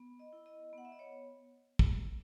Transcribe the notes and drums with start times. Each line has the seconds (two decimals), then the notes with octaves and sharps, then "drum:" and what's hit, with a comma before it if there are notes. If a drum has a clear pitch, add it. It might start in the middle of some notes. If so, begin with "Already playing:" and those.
Already playing: B3
0.19 D#5
0.33 E4
0.46 D#5
0.73 B3
0.78 F#5
0.85 E5
0.92 D#5
0.99 C#5
1.79 drum: kick